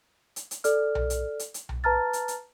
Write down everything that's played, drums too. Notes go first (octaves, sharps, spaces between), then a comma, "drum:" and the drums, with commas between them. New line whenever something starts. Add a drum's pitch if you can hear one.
drum: hi-hat
drum: hi-hat
A4 D5 F6, drum: hi-hat
drum: tom B1
drum: hi-hat
drum: hi-hat
drum: hi-hat
drum: tom B1
B4 A5 A#5 F6 A6
drum: hi-hat
drum: hi-hat